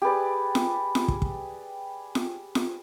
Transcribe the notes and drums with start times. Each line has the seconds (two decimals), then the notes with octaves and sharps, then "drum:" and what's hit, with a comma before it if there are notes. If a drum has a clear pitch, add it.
0.02 G4 G#4 B4 D5
0.55 drum: snare F4
0.95 drum: snare F4
1.08 drum: kick
1.22 drum: kick
2.15 drum: snare F4
2.55 drum: snare F4